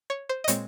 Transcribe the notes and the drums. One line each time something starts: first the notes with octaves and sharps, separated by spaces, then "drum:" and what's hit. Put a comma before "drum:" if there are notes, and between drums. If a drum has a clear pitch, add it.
C#5
C5
D#5
A#2 G#3 C4 C#5, drum: hi-hat